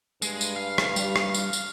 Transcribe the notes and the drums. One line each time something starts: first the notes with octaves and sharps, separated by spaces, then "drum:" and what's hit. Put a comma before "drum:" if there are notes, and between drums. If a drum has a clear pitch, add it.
G2 G#3, drum: tambourine
drum: tambourine
F5
drum: rim click
G3, drum: tambourine
drum: rim click
drum: tambourine
drum: tambourine